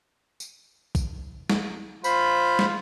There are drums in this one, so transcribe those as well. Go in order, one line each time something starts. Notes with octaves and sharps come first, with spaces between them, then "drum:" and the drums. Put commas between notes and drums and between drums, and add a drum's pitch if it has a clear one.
drum: tambourine
drum: kick, tambourine
drum: snare
F4 C5 B5, drum: tambourine
drum: snare